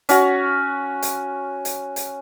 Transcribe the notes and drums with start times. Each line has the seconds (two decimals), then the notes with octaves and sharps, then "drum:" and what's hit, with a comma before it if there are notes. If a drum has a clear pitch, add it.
0.09 C#4 F#4, drum: hi-hat
1.02 drum: hi-hat
1.65 drum: hi-hat
1.96 drum: hi-hat